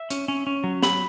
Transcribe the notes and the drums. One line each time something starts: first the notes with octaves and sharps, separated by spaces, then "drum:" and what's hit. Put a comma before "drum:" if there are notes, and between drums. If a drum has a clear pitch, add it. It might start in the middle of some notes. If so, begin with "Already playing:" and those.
Already playing: E5
C#4, drum: hi-hat
C#4
C#4
F#3
F#3 B5, drum: snare